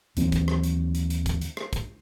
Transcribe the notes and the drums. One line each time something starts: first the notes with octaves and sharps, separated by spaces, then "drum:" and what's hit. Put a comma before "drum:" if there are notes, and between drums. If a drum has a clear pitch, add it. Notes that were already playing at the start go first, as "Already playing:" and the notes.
D#2 E3 F#3 C4, drum: hi-hat
drum: kick, hi-hat
drum: rim click
drum: hi-hat
drum: hi-hat
drum: hi-hat
drum: kick, hi-hat
drum: hi-hat
drum: rim click
drum: kick, hi-hat